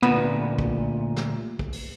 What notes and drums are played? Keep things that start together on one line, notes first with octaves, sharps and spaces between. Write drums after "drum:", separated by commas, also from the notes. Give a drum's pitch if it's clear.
D2 A#2 B3, drum: tom
drum: kick
drum: snare
drum: kick
drum: open hi-hat